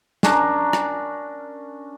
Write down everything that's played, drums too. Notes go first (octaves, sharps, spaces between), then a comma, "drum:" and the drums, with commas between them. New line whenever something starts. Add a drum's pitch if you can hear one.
C#4 D4 A#4, drum: snare
drum: rim click